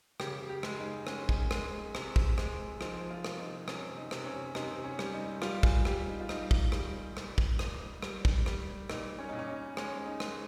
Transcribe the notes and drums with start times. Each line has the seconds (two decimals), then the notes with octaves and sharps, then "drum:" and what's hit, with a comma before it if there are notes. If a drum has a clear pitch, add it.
0.20 C#3 G4, drum: rim click
0.49 G4
0.63 G#3, drum: rim click
0.79 D#4
1.07 G#3 C#4, drum: rim click
1.29 drum: kick
1.51 G#3, drum: rim click
1.95 C3, drum: rim click
2.16 drum: kick
2.38 G#3, drum: rim click
2.81 F3 D#4, drum: rim click
3.10 F4
3.25 C3, drum: rim click
3.39 D#4
3.68 C3 C#4, drum: rim click
3.97 D#4
4.11 C3, drum: rim click
4.26 C#4
4.55 C3 D#4, drum: rim click
4.84 C#4
4.99 G3, drum: rim click
5.13 D#4
5.42 G3 F4, drum: rim click
5.63 G#4, drum: kick
5.85 G3 G4, drum: rim click
6.07 D#4
6.20 F4
6.29 G3 D#4, drum: rim click
6.51 drum: kick
6.72 G3, drum: rim click
7.17 A#2, drum: rim click
7.38 drum: kick
7.59 A#2, drum: rim click
8.02 G3, drum: rim click
8.25 drum: kick
8.46 G3, drum: rim click
8.90 A#2 D#4, drum: rim click
9.19 C#4
9.29 A#2 D#4
9.39 C#4
9.48 D#4
9.77 G#3 C#4, drum: rim click
10.06 D#4
10.20 G#3, drum: rim click